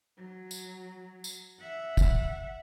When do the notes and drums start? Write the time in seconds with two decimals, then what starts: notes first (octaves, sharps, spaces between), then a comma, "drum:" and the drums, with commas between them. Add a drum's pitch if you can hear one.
0.17 F#3
0.51 drum: tambourine
1.24 drum: tambourine
1.61 E5 F#5
1.97 drum: kick, tambourine